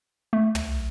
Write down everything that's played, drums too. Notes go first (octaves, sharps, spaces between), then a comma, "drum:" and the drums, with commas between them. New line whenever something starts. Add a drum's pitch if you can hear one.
A3
drum: tom